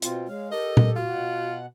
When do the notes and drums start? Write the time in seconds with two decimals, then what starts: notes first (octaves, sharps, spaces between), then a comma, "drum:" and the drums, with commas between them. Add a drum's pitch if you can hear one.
0.02 B2 C4 F4, drum: hi-hat
0.28 G#3 C#5 F5
0.51 G4 A4 A#4 D#5
0.77 drum: tom A#2
0.96 F4 F#4
1.08 B2 F#5